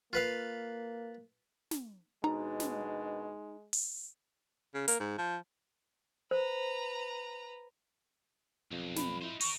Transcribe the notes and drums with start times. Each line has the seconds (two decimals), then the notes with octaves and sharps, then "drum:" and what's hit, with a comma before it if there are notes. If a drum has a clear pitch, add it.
0.13 A#3 F4 B4 F5
1.71 drum: snare
2.24 D#2 B2 G#3 D4 D#4 A#5
2.60 drum: snare
3.73 drum: open hi-hat
4.74 C#3
4.88 A#3, drum: hi-hat
5.00 G#2
5.18 F3
6.31 B4 C5 A#5
8.72 B1 F2
8.96 B5, drum: snare
9.22 D#4 E4 C5
9.41 D#4 A#4 C#6, drum: open hi-hat